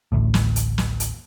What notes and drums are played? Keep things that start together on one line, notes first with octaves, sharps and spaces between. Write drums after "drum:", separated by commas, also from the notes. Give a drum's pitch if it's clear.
A1 D2 A2
drum: snare
drum: hi-hat
drum: snare
drum: hi-hat